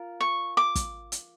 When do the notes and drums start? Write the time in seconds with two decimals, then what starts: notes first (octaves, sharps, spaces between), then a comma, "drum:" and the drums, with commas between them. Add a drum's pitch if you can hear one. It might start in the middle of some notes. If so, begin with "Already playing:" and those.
Already playing: F4 A#4
0.20 C#6
0.57 D6
0.75 drum: kick, hi-hat
1.12 drum: hi-hat